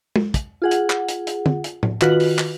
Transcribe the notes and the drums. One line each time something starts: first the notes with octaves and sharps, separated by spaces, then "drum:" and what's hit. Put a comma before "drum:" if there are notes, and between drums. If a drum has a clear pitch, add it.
drum: tom
drum: kick, hi-hat
F4 G#4 F#5
drum: hi-hat
drum: clap
drum: hi-hat
drum: hi-hat
drum: tom
drum: hi-hat
drum: tom A2
D#3 F4 F#4 B4 F#7, drum: clap
drum: open hi-hat
drum: clap